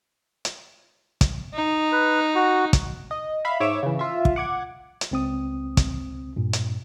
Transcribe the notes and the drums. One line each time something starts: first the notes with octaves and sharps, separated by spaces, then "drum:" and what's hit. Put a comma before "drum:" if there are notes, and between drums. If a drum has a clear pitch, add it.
drum: hi-hat
drum: kick, hi-hat
D#4
B4
F#4
drum: kick, hi-hat
D#5
E5 F5 B5 F6 B6
G#2 C#5 E5 D6 D7 E7
C#3 E3
F4 E5
drum: kick
F#5 D6 G#6
drum: hi-hat
C#2 C4 D#6
drum: kick, hi-hat
G2 A#2
drum: hi-hat